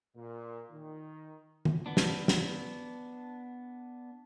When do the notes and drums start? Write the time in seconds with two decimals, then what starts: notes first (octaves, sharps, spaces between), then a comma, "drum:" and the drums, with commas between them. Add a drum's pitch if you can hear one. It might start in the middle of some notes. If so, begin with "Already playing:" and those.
0.16 A#2
0.71 D#3
1.65 drum: tom
1.86 B3 D4
1.97 drum: snare
2.28 drum: snare